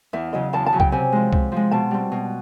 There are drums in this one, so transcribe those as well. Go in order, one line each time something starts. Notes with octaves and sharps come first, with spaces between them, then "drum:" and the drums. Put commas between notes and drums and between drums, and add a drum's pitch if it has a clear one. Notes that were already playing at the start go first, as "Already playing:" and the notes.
E2 E5
C#3 F#3 D#5
E2 A5
A5
C#3 F#3
G5, drum: kick C2
C3 G#5
F3 G#3
C3, drum: kick C2
F3 G#3
B2 A5
G3 C4
B2